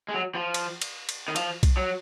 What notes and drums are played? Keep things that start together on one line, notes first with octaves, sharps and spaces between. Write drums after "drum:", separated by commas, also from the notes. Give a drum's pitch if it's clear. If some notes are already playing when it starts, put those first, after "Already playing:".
G#3
F#3
F3
drum: cymbal
drum: cymbal
drum: cymbal
D#3
F3, drum: cymbal
drum: kick B1, cymbal
F#3